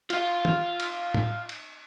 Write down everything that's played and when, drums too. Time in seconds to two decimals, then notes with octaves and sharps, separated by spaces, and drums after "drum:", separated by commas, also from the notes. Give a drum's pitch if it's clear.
0.10 F4 F5, drum: cymbal
0.45 drum: tom
0.80 drum: cymbal
1.14 drum: tom A2
1.49 drum: cymbal